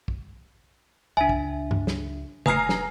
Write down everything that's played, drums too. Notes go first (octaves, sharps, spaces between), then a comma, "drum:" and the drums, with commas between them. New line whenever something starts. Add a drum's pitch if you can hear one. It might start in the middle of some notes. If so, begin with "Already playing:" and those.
drum: kick
C#2 D4 E5 G#5
drum: kick
drum: tom G2
drum: snare
F1 B4 G#5 A#5 D#6 F6 C7, drum: tom C#3
drum: snare